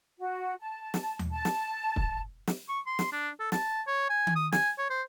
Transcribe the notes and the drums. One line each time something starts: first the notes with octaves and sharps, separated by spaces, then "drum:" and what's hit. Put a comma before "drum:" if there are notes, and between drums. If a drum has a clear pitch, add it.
F#4
A5
drum: snare
drum: tom D#2
A5
drum: snare
drum: kick
drum: snare
C#6
C6
drum: snare
D4
A4
A5, drum: snare
C#5
G#5
drum: tom D#3
D#6
G#5, drum: snare
C#5
C5